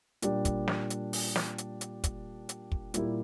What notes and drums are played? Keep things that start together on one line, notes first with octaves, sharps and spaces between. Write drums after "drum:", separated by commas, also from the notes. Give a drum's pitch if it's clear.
A#2 G3 D4 G4, drum: hi-hat
drum: kick, hi-hat
drum: snare
drum: hi-hat
drum: open hi-hat
drum: snare
drum: hi-hat
drum: hi-hat
drum: kick, hi-hat
drum: hi-hat
drum: kick
A#2 G3 A#3 E4 G4, drum: hi-hat